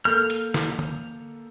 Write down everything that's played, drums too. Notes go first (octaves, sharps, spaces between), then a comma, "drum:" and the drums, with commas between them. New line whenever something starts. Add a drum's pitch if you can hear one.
A#3 A4 F6 G6
drum: hi-hat
drum: snare
drum: tom